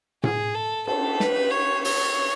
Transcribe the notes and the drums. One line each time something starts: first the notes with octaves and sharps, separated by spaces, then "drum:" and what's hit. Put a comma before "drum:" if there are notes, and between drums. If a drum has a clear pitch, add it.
G#4, drum: tom A2
A4
A4, drum: cymbal
B4, drum: snare
C#5
C#5, drum: open hi-hat